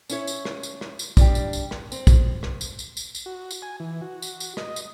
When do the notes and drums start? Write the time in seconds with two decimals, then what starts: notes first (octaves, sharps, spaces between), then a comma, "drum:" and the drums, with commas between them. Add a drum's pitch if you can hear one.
0.09 C#4 E4 C#5, drum: tambourine
0.27 drum: tambourine
0.45 drum: rim click
0.63 drum: tambourine
0.81 drum: rim click
0.99 drum: tambourine
1.17 G3 D4 G4, drum: kick, tambourine
1.35 drum: tambourine
1.53 drum: tambourine
1.71 drum: rim click
1.92 C4, drum: tambourine
2.07 drum: kick, tambourine
2.43 drum: rim click
2.61 drum: tambourine
2.79 drum: tambourine
2.97 drum: tambourine
3.15 drum: tambourine
3.26 F#4
3.51 drum: tambourine
3.62 G#5
3.80 E3
4.01 F#4
4.22 drum: tambourine
4.40 drum: tambourine
4.57 D#5, drum: rim click
4.76 drum: tambourine